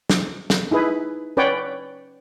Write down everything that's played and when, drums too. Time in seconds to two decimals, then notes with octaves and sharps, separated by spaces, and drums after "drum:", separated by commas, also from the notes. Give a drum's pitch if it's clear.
0.10 drum: snare
0.50 drum: snare
0.71 D#4 E4 G#4 B4
1.37 C#4 B4 C#5 D5 F#5 G5